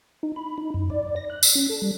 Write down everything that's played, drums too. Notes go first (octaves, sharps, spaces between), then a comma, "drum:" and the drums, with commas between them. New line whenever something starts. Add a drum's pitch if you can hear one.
D#4
B5
D#4
F#2
D5
A#6
F#6
E6, drum: tambourine
C#4
A4
G3